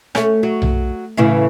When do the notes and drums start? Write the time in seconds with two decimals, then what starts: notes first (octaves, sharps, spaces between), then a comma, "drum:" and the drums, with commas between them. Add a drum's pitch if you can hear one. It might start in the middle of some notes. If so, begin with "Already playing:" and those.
0.15 A3 C#4, drum: rim click
0.43 F#3
0.62 drum: tom B1
1.17 A2 C#3 E3